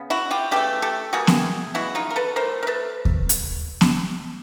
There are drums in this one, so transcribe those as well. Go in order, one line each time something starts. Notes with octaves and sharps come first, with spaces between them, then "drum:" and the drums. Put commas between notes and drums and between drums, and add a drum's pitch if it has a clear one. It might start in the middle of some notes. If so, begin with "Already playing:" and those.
Already playing: C#3 B3
E4 F#4
F4 G4
C#3 E3 A3 G4 A4
G4 A4
E3 G3 A#3 F#4 G#4
drum: snare B3
C#3 E3 G#3 E4 F#4
D#4 F4
A#4
A4 B4
E3 A3 A#4 C5
A#4
A4 B4
drum: kick D#2
drum: hi-hat
drum: snare B3